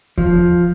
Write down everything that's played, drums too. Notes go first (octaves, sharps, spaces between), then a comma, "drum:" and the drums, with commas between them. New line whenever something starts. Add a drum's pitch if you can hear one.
F3, drum: kick D#2